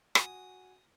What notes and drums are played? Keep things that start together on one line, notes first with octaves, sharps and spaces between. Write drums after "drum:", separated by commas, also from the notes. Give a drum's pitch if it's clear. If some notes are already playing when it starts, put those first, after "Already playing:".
F#4 G#5 D#6, drum: rim click